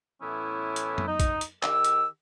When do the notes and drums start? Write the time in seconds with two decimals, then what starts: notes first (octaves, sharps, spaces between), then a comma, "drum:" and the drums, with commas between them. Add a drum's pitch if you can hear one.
0.22 A2 E3 B3 C#4 E4
0.76 drum: hi-hat
0.98 drum: tom
1.07 D#4
1.20 drum: kick, hi-hat
1.41 drum: hi-hat
1.63 D#3 G4 E6, drum: clap
1.85 drum: hi-hat